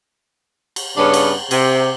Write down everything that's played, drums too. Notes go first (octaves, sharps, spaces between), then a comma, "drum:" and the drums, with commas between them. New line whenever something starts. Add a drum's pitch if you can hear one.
drum: cymbal
G2 C#3 B3 C#4 D4
drum: cymbal
C3, drum: cymbal